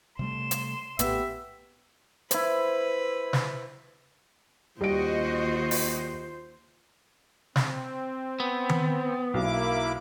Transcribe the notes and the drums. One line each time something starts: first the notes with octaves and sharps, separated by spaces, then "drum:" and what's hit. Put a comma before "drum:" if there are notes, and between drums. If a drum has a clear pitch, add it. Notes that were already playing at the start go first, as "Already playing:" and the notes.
C3 G3 A3 C6 E7
drum: hi-hat
A#1 A2 B3 G4 E5, drum: hi-hat
E4 B4 C5, drum: hi-hat
drum: snare
D#2 G3 F4 F#4 C5 D#5 D7
drum: open hi-hat
C4, drum: snare
B3
drum: tom D#3
B1 A#3 E4 D6